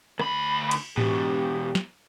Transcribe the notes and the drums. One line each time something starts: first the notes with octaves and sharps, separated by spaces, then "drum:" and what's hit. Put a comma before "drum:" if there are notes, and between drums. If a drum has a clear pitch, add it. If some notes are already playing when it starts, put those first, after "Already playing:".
D2 B5, drum: rim click
drum: cymbal
E2 B2 G4, drum: tom A2
drum: snare